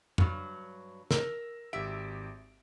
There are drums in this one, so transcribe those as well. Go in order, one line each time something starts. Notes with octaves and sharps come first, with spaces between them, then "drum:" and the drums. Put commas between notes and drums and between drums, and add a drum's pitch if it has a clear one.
G2 F#3, drum: tom F2
A#4 E6, drum: snare
G#1 G4 E5 D7